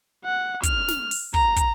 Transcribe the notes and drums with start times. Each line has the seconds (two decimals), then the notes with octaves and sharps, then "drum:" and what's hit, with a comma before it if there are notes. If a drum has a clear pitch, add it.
0.24 F#5
0.63 F6, drum: kick, hi-hat
0.88 drum: snare
1.11 drum: open hi-hat
1.34 A#5, drum: kick
1.56 drum: kick, hi-hat